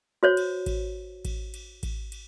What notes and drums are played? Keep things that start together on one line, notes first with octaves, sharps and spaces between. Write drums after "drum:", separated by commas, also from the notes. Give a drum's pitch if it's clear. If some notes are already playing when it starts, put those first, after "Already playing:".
F#4 C5 C#5
drum: cymbal
drum: kick A1, cymbal
drum: kick A1, cymbal
drum: cymbal
drum: kick A1, cymbal
drum: cymbal